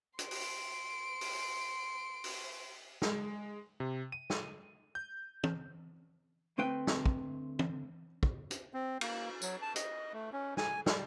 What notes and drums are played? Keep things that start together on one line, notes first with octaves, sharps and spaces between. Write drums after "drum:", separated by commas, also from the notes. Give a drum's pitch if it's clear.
C6 D7, drum: hi-hat
drum: open hi-hat
drum: open hi-hat
drum: open hi-hat
G#3, drum: snare
C3
D#7
drum: snare
G6
drum: tom
D2 A3 C4 B4 G5
drum: snare
drum: kick
drum: tom
drum: kick
drum: hi-hat
C4
A#3, drum: cymbal
F#3, drum: tambourine
A5
D#5, drum: hi-hat
A3
C#4
G#5, drum: snare
G3, drum: snare